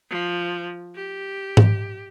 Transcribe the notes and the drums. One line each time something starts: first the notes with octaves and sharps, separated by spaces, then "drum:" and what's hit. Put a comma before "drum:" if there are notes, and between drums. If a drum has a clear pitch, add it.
F3
G4
drum: tom G#2